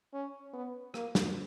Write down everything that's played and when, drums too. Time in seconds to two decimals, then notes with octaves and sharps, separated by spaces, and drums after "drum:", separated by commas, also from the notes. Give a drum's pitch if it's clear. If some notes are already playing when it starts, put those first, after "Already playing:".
0.14 C#4
0.53 B3
0.94 A#3, drum: rim click
1.15 drum: snare